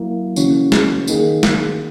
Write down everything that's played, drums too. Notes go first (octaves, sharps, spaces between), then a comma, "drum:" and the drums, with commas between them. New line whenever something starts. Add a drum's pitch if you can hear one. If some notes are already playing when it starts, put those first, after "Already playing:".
Already playing: F#3 A#3 E4
C#3 E3 A#3 C#4 F#4, drum: tambourine
drum: snare
D#3 A#3 D#4 G#4, drum: tambourine
drum: snare